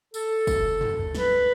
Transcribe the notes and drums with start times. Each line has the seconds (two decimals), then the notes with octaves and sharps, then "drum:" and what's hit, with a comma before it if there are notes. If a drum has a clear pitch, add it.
0.14 A4, drum: tambourine
0.47 drum: kick, tambourine
0.81 drum: tom
1.15 B4, drum: snare